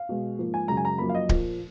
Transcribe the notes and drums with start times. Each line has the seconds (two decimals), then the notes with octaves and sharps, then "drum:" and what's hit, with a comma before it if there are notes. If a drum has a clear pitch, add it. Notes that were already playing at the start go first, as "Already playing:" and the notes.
Already playing: F5
0.09 B2 G#3
0.39 G#2 F3 A#3
0.54 G#5
0.68 F#2 C#3 G#3 A#5
0.77 G#5
0.85 A#5
0.98 F#2 F3 A#3 B5
1.09 F5
1.15 D#5
1.29 A#2 F3 A#3, drum: kick D1